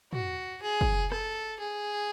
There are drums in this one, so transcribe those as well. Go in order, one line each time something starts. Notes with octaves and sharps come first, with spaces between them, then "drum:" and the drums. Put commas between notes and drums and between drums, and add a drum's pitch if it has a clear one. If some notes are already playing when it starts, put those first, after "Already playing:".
F#4, drum: tom
G#4
drum: kick
A4, drum: rim click
G#4